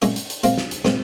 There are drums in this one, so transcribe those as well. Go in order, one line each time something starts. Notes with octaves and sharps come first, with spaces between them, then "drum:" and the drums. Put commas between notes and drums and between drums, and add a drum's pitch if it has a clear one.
A#2 G#3 C#4 E5, drum: hi-hat
drum: hi-hat
drum: hi-hat
A#2 G#3 C4 F5, drum: hi-hat
drum: snare
drum: hi-hat
A#2 G#3 C4, drum: snare